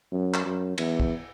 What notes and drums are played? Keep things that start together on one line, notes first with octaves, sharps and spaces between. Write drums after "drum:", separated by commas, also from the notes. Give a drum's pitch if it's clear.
F#2
drum: clap
F#2
E2, drum: cymbal
drum: kick